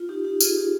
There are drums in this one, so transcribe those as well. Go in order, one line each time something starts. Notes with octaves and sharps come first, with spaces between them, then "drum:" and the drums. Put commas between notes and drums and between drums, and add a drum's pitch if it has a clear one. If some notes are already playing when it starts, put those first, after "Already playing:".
Already playing: F4
D#4 G4
D#4 G4
F4 G#4, drum: tambourine
D#4 G4